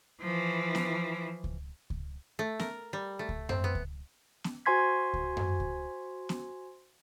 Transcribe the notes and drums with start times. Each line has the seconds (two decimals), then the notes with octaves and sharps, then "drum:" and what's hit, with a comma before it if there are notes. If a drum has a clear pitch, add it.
0.21 E3 F3
0.75 drum: snare B3
1.44 drum: kick C#2
1.90 drum: kick C#2
2.39 A3
2.59 A#4, drum: snare B3
2.93 G3
3.19 A3
3.29 drum: kick C#2
3.49 C4, drum: tom F#2
3.64 B3
3.75 drum: kick C#2
4.44 drum: snare B3
4.66 F#4 C5 G#5 C6 G#6 B6
5.14 drum: kick C#2
5.37 drum: tom F#2
5.60 drum: kick C#2
6.29 drum: snare B3